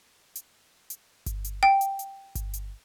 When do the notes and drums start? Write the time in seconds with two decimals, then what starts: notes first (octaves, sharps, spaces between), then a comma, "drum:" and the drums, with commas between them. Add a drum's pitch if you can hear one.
0.35 drum: hi-hat
0.90 drum: hi-hat
1.26 drum: kick G1, hi-hat
1.44 drum: hi-hat
1.63 G5
1.81 drum: hi-hat
1.99 drum: hi-hat
2.35 drum: kick G1, hi-hat
2.54 drum: hi-hat